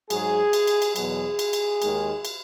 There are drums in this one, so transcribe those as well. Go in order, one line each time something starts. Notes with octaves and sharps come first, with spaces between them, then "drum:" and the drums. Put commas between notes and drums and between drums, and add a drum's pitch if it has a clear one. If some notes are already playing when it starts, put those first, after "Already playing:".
G#2 F#3 G#4, drum: cymbal
drum: cymbal
drum: cymbal
drum: cymbal
E2 B2 F#3 G#4, drum: cymbal
drum: cymbal
drum: cymbal
D#2 D#3 G#3, drum: cymbal
drum: cymbal